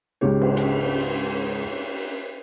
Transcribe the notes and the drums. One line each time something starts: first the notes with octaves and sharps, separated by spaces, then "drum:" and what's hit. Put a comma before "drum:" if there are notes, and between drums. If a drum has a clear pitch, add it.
C#2 G#2 C#3 G4 C#5
drum: cymbal
drum: hi-hat